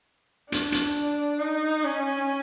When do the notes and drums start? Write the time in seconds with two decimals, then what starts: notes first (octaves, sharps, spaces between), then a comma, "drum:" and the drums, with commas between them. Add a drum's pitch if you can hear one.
0.52 D4, drum: hi-hat
0.72 drum: hi-hat
1.39 D#4
1.84 C#4